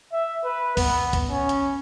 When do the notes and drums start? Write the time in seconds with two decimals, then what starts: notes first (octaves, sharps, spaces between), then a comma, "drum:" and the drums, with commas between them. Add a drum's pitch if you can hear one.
0.13 E5
0.45 B4
0.77 B3, drum: kick C#2, open hi-hat
1.13 drum: kick C#2, hi-hat
1.31 C#4
1.49 drum: hi-hat